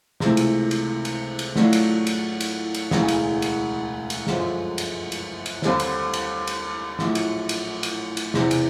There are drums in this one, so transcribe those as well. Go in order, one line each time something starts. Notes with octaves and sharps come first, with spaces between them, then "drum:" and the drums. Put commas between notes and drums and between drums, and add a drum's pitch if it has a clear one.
C#2 C3 E3 A3, drum: snare
drum: cymbal
drum: cymbal
drum: cymbal
drum: cymbal
A2 F#3 A3 D4 F4, drum: snare
drum: cymbal
drum: cymbal
drum: cymbal
drum: cymbal
E1 D2 C#3 E3, drum: snare
drum: cymbal
drum: cymbal
drum: cymbal
G1 F#2 D3 F3 G#3, drum: snare
drum: cymbal
drum: cymbal
drum: cymbal
D#2 D3 G3 C4, drum: snare
drum: cymbal
drum: cymbal
drum: cymbal
A#1 A2 F#3 A3, drum: snare
drum: cymbal
drum: cymbal
drum: cymbal
drum: cymbal
E2 C3 E3, drum: snare
drum: cymbal